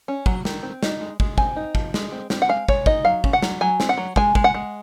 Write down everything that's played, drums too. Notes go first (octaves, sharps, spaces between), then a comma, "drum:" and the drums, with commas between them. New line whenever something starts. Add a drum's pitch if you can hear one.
C#4
F#3, drum: kick
D#3, drum: snare
C4
D#4, drum: snare
G#3
G#3, drum: kick
C4 G#5, drum: kick
D#4
F3, drum: kick
G#3, drum: snare
C4
C4, drum: snare
F#5
G#3 F5
G#3 C#5, drum: kick
D#4 D#5, drum: kick
F#3 F5
C#4, drum: kick
F#5
F#3, drum: snare
F#3 G#5
C4, drum: snare
F#5
F#3
G#3 G#5, drum: kick
G#3, drum: kick
F#5
G#3